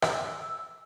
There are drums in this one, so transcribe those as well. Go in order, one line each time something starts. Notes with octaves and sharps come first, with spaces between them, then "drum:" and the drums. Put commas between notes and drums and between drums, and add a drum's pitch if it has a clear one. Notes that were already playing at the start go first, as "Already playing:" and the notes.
E6, drum: rim click